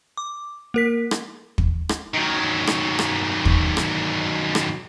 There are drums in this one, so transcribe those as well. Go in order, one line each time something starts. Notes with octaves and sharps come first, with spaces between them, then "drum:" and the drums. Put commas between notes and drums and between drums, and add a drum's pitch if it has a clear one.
D6
A#3 A#4 B6
drum: rim click
drum: kick
drum: rim click
D#3 F#3
drum: rim click
drum: rim click
drum: kick
drum: rim click
drum: rim click